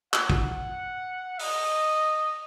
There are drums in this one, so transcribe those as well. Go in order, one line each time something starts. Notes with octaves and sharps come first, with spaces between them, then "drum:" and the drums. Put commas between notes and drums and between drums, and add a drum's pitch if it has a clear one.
F#5, drum: clap
drum: kick
D#5, drum: open hi-hat